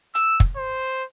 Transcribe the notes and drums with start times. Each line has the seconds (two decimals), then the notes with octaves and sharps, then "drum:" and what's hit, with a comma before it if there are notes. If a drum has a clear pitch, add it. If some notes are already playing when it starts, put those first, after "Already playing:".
0.15 E6, drum: hi-hat
0.40 drum: kick
0.56 C5